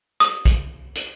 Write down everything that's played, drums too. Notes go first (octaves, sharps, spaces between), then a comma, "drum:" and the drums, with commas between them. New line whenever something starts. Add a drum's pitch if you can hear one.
D#6, drum: hi-hat
drum: kick, hi-hat
drum: hi-hat